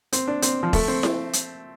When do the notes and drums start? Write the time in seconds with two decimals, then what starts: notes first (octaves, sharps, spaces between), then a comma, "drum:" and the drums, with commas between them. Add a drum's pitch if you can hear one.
0.13 C4, drum: hi-hat
0.28 D4
0.42 C4, drum: hi-hat
0.63 F3
0.73 A3, drum: kick E1, open hi-hat
0.88 C4
1.03 drum: snare E4
1.33 drum: hi-hat